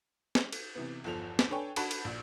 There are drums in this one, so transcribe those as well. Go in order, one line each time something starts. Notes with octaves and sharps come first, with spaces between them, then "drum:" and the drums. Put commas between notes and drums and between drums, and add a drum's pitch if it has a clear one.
drum: snare
drum: cymbal
C3 E3 B3
G1 E2 F3 A4 F7
drum: snare
D4 A4 B4 C#5 G5 G#5
D4 F#4 F#5 A5 B5, drum: cymbal
drum: cymbal
A#1